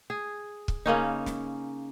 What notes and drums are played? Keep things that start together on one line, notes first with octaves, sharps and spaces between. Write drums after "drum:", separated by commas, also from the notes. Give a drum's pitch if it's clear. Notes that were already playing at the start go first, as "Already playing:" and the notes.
G#4
drum: kick
C#3 A#3 C#4 D#4
drum: snare